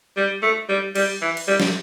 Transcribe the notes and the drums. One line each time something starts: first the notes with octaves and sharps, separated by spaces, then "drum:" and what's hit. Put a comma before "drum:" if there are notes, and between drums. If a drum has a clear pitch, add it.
G3
A3
G3
G3, drum: cymbal
E3
drum: cymbal
G3
drum: snare